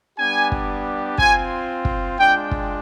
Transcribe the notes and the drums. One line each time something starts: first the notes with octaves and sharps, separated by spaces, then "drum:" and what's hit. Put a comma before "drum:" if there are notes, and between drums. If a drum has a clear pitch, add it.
G3 B3 D4 G4 G#5
drum: kick
C4 F4 G#5, drum: kick
drum: kick
G#3 D4 F4 G5
drum: kick